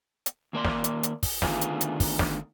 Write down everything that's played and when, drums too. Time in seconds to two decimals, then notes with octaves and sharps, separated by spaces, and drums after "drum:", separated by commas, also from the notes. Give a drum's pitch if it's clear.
0.26 drum: hi-hat
0.53 D#2 A#3 D5 C6
0.65 drum: snare
0.84 drum: hi-hat
1.03 drum: hi-hat
1.23 drum: kick, open hi-hat
1.42 D2 D3 D#3 B3 F4 G#4, drum: snare
1.61 drum: hi-hat
1.81 drum: hi-hat
2.00 drum: kick, open hi-hat
2.19 drum: snare